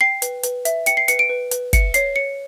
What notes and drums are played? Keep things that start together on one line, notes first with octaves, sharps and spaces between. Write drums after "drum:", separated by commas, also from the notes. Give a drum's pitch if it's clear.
G5 C7
B4, drum: hi-hat
B4, drum: hi-hat
E5, drum: hi-hat
G5 C#7, drum: hi-hat
C7
B4 C#7, drum: hi-hat
D7
B4
B4, drum: hi-hat
E5 C#7, drum: kick, hi-hat
C#5 C7, drum: hi-hat
C#5 C#7